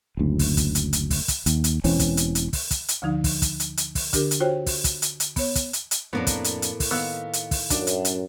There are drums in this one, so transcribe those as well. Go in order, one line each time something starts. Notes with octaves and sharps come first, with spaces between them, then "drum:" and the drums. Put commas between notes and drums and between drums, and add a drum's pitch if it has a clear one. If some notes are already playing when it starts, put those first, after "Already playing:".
F#1 D2
drum: kick, open hi-hat
drum: kick, hi-hat
drum: hi-hat
drum: hi-hat
drum: kick, open hi-hat
drum: kick, hi-hat
D#2, drum: hi-hat
drum: hi-hat
E1 E3 C4 C#4, drum: kick, open hi-hat
drum: kick, hi-hat
drum: hi-hat
drum: hi-hat
drum: kick, open hi-hat
drum: kick, hi-hat
drum: hi-hat
D2 D3 F3 D#4
drum: kick, open hi-hat
drum: kick, hi-hat
drum: hi-hat
drum: hi-hat
drum: kick, open hi-hat
D3 D4 G4 A#4, drum: kick, hi-hat
drum: hi-hat
F4 F#4 C5 C#5 G5
drum: kick, open hi-hat
drum: kick, hi-hat
drum: hi-hat
drum: hi-hat
B3 C#5, drum: kick, open hi-hat
drum: kick, hi-hat
drum: hi-hat
drum: hi-hat
F2 A2 A#3 B3 D4
drum: kick, hi-hat
drum: hi-hat
drum: hi-hat
drum: kick, open hi-hat
D#3 B3 F5 E6 F#6
drum: hi-hat
drum: kick, open hi-hat
F#2 D4, drum: kick, hi-hat
drum: hi-hat
drum: hi-hat